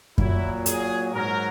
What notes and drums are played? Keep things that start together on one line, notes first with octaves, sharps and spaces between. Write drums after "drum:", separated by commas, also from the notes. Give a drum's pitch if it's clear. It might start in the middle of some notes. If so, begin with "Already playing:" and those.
A#2 F#3 E4, drum: kick F#2
G#4, drum: hi-hat
G#2 F#3 A#4